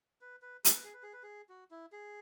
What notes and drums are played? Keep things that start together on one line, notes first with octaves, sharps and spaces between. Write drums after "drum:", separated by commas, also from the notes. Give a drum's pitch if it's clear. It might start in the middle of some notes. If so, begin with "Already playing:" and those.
B4
B4
G#4, drum: hi-hat
B4
G#4
B4
G#4
B4
G#4
F#4
E4
G#4